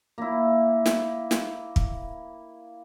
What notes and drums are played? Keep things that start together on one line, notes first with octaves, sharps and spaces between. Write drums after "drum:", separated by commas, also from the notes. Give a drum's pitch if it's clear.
A#3 E4
drum: snare
drum: snare
drum: kick